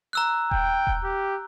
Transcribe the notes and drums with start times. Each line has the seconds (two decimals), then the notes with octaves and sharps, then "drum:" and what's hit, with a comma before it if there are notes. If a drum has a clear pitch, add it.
0.13 A#5 E6 F#6
0.51 G5, drum: kick D#1
0.87 drum: kick D#1
1.04 G4